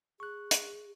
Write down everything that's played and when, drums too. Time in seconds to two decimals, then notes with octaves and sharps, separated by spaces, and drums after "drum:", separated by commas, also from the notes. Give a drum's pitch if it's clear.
0.20 G#4 C#6 F#6
0.51 drum: hi-hat